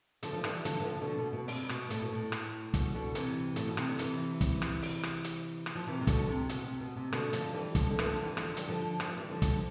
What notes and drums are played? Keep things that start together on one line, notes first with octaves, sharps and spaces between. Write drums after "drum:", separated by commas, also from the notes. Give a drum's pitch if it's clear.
D3 F3, drum: hi-hat
F3
E3 G3, drum: rim click
D3 F3, drum: hi-hat
E3
D3 F3
B2 D3
B2
B2
C3, drum: open hi-hat
B2, drum: rim click
A2, drum: hi-hat
B2
A2
drum: rim click
B2, drum: kick, hi-hat
B2 D3
C3 E3, drum: hi-hat
A2, drum: hi-hat
B2
C3, drum: rim click
D3
C3 E3, drum: hi-hat
drum: kick, hi-hat
drum: rim click
drum: open hi-hat
drum: rim click
drum: hi-hat
drum: rim click
F3
C3 E3
C3
B2 D3, drum: kick, hi-hat
C3
B2, drum: hi-hat
C3
B2
C3
B2 D3, drum: rim click
D3 F3, drum: hi-hat
E3 G3
D3 F3, drum: kick, hi-hat
D3
E3, drum: rim click
D3 F3
E3 G3
D3 F3, drum: rim click
G3, drum: hi-hat
D3 F3
G3, drum: rim click
F3
E3 G3
D3 F3
drum: kick, hi-hat